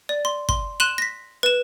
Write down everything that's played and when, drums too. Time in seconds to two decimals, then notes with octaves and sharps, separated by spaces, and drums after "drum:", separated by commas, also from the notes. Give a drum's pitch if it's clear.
0.09 D5
0.25 C6
0.49 C6, drum: kick
0.80 C6 F#6 D#7 E7 F#7
0.98 A#6 B6
1.43 B4 E7